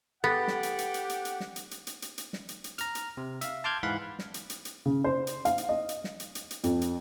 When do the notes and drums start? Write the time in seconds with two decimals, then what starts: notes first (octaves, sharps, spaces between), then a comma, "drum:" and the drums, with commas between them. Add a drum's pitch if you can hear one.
0.24 B3 G4 A4 F#5 A6 B6
0.48 drum: snare
0.63 drum: hi-hat
0.79 drum: hi-hat
0.94 drum: hi-hat
1.09 drum: hi-hat
1.25 drum: hi-hat
1.40 drum: snare
1.56 drum: hi-hat
1.71 drum: hi-hat
1.87 drum: hi-hat
2.02 drum: hi-hat
2.18 drum: hi-hat
2.33 drum: snare
2.49 drum: hi-hat
2.64 drum: hi-hat
2.78 A#5 F6, drum: hi-hat
2.95 drum: hi-hat
3.17 C3
3.41 E5 F5, drum: hi-hat
3.64 A5 C6 D6 F6 G6 G#6
3.83 G#2 E3 F5 F#5 B5
4.19 drum: snare
4.34 drum: hi-hat
4.50 drum: hi-hat
4.65 drum: hi-hat
4.86 C#3
5.04 C5
5.27 drum: hi-hat
5.45 F5, drum: hi-hat
5.58 drum: hi-hat
5.69 D#5
5.89 drum: hi-hat
6.04 drum: snare
6.20 drum: hi-hat
6.35 drum: hi-hat
6.51 drum: hi-hat
6.64 F2, drum: hi-hat
6.81 drum: hi-hat